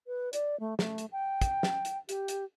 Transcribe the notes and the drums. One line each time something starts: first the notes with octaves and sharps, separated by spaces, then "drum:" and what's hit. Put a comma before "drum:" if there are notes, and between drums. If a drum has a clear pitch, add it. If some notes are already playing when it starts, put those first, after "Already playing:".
B4
D5, drum: hi-hat
A3
A3, drum: snare
drum: hi-hat
G5
drum: kick, hi-hat
drum: snare
drum: hi-hat
G4, drum: hi-hat
drum: hi-hat